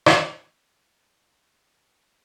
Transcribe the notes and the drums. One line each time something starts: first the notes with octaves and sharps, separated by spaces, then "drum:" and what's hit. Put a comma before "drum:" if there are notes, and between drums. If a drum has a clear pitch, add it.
drum: rim click
E4 E5
D1 C#2 C#4
A2 C#3 G3